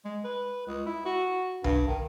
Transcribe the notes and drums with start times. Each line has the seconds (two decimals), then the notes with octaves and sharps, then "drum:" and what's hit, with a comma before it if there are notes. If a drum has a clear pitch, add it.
0.05 G#3
0.24 B4
0.67 C#2
0.86 E4
1.05 F#4
1.64 G2, drum: tom C2
1.88 D#3